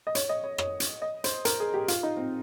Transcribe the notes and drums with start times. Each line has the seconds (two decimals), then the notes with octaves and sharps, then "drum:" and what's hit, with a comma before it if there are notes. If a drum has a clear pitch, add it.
0.07 D#5
0.15 C#5, drum: hi-hat
0.29 D#5
0.44 C#5
0.58 C#5, drum: rim click
0.80 drum: hi-hat
1.02 D#5
1.24 C5, drum: hi-hat
1.45 A#4, drum: hi-hat
1.60 G#4
1.74 G4
1.88 F4, drum: hi-hat
2.03 D#4
2.17 C4